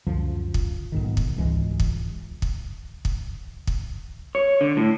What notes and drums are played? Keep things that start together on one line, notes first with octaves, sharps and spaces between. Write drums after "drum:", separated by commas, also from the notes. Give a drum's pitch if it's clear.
C#2 F#2 D3 F3
drum: kick
B1 G#2 D#3
drum: kick
G#1 C#2 E3 G#3
drum: kick
drum: kick
drum: kick
drum: kick
C#5
D3
A2